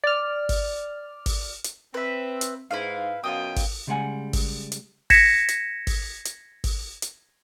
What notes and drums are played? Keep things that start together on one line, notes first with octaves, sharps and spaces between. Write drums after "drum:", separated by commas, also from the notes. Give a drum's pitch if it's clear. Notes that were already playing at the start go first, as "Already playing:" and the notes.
D5 F6
drum: kick G#1, open hi-hat
drum: kick G#1, open hi-hat
drum: hi-hat
C4 B4 E5
drum: hi-hat
G#2 E4 B4 F5
F#2 B2 F4 G5 D#6
drum: kick G#1, open hi-hat
C#3 G3 G#3 G#4 F#5 G#5
drum: kick G#1, open hi-hat
drum: hi-hat
G#6 A#6 B6 C#7 E7, drum: kick G#1, open hi-hat
drum: hi-hat
drum: kick G#1, open hi-hat
drum: hi-hat
drum: kick G#1, open hi-hat
drum: hi-hat